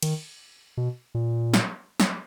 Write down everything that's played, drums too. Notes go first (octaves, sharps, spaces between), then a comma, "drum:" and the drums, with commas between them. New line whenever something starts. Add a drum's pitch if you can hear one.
D#3, drum: cymbal
B2
A#2
drum: snare
drum: snare